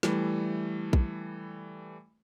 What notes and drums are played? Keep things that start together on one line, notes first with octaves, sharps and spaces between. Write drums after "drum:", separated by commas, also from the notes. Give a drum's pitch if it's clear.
E3 G3 A3, drum: snare
drum: kick A#1